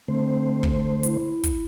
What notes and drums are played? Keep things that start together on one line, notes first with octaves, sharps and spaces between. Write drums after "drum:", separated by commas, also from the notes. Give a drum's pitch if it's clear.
D3 A3 C4 C5
drum: kick
E4, drum: hi-hat
drum: kick, hi-hat